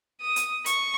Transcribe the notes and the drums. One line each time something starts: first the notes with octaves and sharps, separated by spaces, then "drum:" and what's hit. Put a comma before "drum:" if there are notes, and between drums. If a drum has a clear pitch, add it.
D#6
drum: hi-hat
C#6, drum: hi-hat